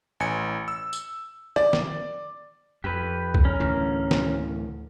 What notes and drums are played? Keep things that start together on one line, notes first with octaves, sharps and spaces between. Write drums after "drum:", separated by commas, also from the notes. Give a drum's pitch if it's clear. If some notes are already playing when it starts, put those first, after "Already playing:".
A1 G#5 C#7
E6
drum: tambourine
D5, drum: rim click
drum: snare
F2 G4 B4
drum: kick C2
C#4 A#4
D2 A2 E3
drum: snare